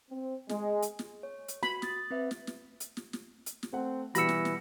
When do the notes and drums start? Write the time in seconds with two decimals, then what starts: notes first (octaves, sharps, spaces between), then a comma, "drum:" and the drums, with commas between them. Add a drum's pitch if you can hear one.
0.10 C4
0.49 G#3, drum: snare
0.82 drum: hi-hat
0.99 drum: snare
1.23 C#5
1.48 drum: hi-hat
1.63 F#4 B5, drum: snare
1.82 D#6 A6, drum: snare
2.10 C4 B4 E5
2.31 drum: snare
2.47 drum: snare
2.80 drum: hi-hat
2.97 drum: snare
3.13 drum: snare
3.46 drum: hi-hat
3.63 drum: snare
3.73 A3 C4 F#5
4.15 B2 E3 G3 F#4 B5 E6 A#6 C#7, drum: hi-hat
4.29 drum: snare
4.45 drum: snare